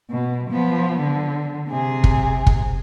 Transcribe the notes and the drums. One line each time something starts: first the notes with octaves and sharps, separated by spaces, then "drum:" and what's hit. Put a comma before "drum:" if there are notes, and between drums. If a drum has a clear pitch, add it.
B2
F3 B3
D3
C3 G#4
drum: kick
drum: kick